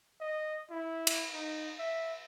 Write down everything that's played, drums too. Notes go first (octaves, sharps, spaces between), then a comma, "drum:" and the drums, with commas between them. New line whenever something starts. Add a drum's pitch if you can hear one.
D#5
E4
drum: cymbal
D#4
E5